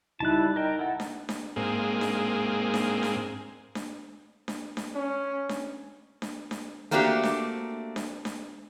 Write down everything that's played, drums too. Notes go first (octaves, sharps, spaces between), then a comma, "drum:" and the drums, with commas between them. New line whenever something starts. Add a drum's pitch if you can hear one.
C#2 G3 D#4 E4 A5 F#6
A#4 D#5 G5
E4 A4 F#5
drum: snare D4
drum: snare D4
G#2 A#3 C4 G#4
drum: snare D4
drum: snare D4
drum: snare D4
drum: snare D4
drum: snare D4
drum: snare D4
C#4
drum: snare D4
drum: snare D4
drum: snare D4
A3 A#3 C4 D4 F#4 G4
drum: snare D4
drum: snare D4
drum: snare D4